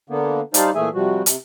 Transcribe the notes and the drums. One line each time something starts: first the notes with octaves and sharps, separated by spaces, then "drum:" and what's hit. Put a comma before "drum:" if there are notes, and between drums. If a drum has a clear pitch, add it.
D3 A#3 B3
G3 D#4 C5 D5 F5 A5, drum: hi-hat
A#2 E3 A3 G#4 E5 G#5
C3 F3 G3 F#4
C3, drum: hi-hat